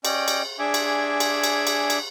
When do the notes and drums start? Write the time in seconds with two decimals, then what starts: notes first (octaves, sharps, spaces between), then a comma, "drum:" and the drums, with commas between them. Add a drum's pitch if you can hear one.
0.05 C#4 D5 D#5 G5, drum: cymbal
0.28 drum: cymbal
0.59 D4 G#4 E5 G#5 D6
0.74 drum: cymbal
1.20 drum: cymbal
1.44 drum: cymbal
1.67 drum: cymbal
1.90 drum: cymbal